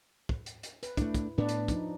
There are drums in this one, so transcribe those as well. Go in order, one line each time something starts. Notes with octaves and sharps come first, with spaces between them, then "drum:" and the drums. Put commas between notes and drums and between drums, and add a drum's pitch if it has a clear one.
drum: kick
drum: hi-hat
drum: hi-hat
B4, drum: hi-hat
A3 D4 E4, drum: kick, hi-hat
drum: kick, hi-hat
A2 B3 D4 B4 D5
drum: hi-hat
F3 D#4, drum: kick, hi-hat